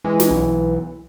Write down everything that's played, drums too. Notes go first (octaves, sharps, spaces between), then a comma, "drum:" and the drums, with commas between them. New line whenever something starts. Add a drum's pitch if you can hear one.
E3 G#3
drum: snare
B1